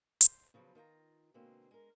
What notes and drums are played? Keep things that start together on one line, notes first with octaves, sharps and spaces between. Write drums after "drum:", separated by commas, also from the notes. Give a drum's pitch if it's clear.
C5, drum: hi-hat
C#3 F3 F#3 B3
D#3 F4 G5 A#5
B2 D3 G#3 A#3 C4
G#3 A#4